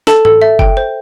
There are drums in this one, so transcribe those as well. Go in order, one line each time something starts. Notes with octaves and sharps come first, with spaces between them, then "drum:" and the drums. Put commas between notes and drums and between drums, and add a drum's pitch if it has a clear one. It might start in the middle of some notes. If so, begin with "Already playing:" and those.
A4 A5, drum: snare
A4, drum: tom G#2
E5
G5, drum: kick F#1
C5